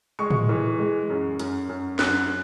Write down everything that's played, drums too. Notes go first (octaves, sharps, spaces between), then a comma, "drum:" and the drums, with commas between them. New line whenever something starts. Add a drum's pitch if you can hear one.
G#3 C#6
drum: tom A2
E3
G#3
F#2
F#2, drum: hi-hat
F#2
F#2 F#6, drum: snare